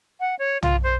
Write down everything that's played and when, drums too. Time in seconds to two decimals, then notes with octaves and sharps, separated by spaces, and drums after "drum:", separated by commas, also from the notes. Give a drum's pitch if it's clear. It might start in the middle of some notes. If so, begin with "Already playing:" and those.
0.20 F#5
0.39 C#5
0.62 F4, drum: tom
0.83 C5